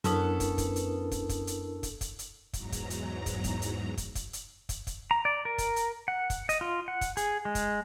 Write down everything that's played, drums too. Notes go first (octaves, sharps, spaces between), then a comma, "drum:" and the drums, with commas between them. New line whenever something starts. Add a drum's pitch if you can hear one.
F#2 B3 C#4 D4 E4 A4 A#4, drum: hi-hat
drum: kick, hi-hat
drum: kick, hi-hat
drum: hi-hat
drum: kick, hi-hat
drum: kick, hi-hat
drum: hi-hat
drum: kick, hi-hat
drum: kick, hi-hat
drum: hi-hat
E2 G#2 F#3 A#5, drum: kick, hi-hat
drum: kick, hi-hat
drum: hi-hat
drum: kick, hi-hat
drum: kick, hi-hat
drum: hi-hat
drum: kick, hi-hat
drum: kick, hi-hat
drum: hi-hat
drum: kick, hi-hat
drum: kick, hi-hat
A#5
D5
A#4
drum: kick, hi-hat
drum: hi-hat
F#5
drum: kick, hi-hat
D#5, drum: hi-hat
F4
F#5
drum: kick, hi-hat
G#4, drum: hi-hat
G#3
drum: kick, hi-hat